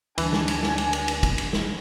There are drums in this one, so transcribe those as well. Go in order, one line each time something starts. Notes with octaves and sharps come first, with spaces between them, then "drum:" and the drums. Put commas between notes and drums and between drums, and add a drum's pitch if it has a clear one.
D2 E3 G3 D4 G#5, drum: cymbal
drum: snare
drum: cymbal
drum: snare
drum: cymbal
drum: cymbal
drum: cymbal
drum: kick, cymbal
drum: cymbal
drum: snare